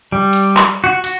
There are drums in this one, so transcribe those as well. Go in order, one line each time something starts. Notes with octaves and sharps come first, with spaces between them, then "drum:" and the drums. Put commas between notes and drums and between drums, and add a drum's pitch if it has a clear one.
G3
drum: cymbal
drum: clap
F#4
F#4, drum: cymbal